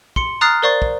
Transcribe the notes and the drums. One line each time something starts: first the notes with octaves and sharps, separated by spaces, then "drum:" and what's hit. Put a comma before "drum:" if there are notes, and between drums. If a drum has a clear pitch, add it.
C6 C#7, drum: kick
A#5 D#6 F6 F#6 A6 C7
A#4 C5 D5 F5 C#6 A6
drum: kick